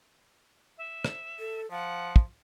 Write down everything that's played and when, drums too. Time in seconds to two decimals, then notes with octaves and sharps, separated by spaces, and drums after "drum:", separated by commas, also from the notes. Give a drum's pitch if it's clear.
0.78 E5
1.04 drum: rim click
1.39 A4
1.71 F3 F5 F#5
2.16 drum: kick